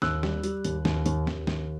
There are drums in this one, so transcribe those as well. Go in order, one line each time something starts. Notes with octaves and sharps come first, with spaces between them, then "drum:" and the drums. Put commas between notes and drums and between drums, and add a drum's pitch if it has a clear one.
D#2 E6 F#6, drum: snare
G3, drum: snare
G3, drum: hi-hat
D#2, drum: hi-hat
D#2, drum: snare
D#2, drum: hi-hat
D#2, drum: snare
D#2, drum: snare